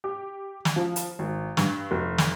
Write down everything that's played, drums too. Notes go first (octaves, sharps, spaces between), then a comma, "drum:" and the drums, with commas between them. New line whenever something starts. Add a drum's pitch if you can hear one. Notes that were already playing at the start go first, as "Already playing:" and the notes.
G4
drum: snare
F3
drum: hi-hat
G#1
G2, drum: snare
F1
drum: snare